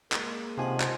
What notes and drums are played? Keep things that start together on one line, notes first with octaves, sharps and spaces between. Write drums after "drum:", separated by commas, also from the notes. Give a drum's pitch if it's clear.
G#3 A#3, drum: clap
C3 D#3 F3 C#4 C5 F#5 G#5
drum: clap